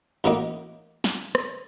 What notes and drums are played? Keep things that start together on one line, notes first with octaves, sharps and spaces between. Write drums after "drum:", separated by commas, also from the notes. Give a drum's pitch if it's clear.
A1 A2 F#3 A#3 D#4
drum: snare
drum: rim click